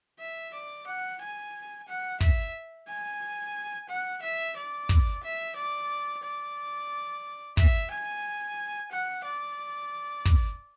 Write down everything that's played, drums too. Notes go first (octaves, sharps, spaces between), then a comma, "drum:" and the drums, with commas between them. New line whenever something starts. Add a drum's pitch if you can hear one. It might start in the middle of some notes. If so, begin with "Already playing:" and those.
E5
D5
F#5
G#5
F#5
E5, drum: kick
G#5
F#5
E5
D5
drum: kick
E5
D5
D5
E5, drum: kick
G#5
F#5
D5
drum: kick